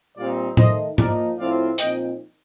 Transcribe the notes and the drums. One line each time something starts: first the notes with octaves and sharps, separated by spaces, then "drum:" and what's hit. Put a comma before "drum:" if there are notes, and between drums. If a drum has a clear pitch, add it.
A#2 G3 C4 D#4 D5 F5
D#3 A3 D#4 C5 D#5, drum: tom
F3 A#3 D#4 A#4 D5, drum: tom
A2 F3 C4 F4 D5 F5
A#2 F3 C4 D#4 D#5 G5, drum: hi-hat